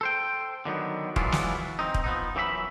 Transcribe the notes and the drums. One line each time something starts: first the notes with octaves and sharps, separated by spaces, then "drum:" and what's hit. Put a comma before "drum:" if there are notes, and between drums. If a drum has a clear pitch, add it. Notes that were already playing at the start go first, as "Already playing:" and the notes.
A4 C5 G5
D3 D#3 F#3 B3
E3 F#3 G#3 D4 E4 F4, drum: kick
drum: snare
C4 D#4
drum: kick
F3 B3 D#4
F#2 E3 F#3 G4 E5 B5